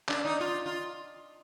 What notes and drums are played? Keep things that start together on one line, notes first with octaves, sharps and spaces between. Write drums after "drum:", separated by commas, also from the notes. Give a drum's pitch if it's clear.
D4, drum: clap
D#4
F4
F4